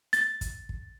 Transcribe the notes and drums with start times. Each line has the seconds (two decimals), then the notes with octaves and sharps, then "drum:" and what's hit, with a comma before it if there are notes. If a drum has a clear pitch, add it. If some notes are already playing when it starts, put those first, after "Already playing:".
0.13 A6, drum: hi-hat
0.41 drum: kick, hi-hat
0.69 drum: kick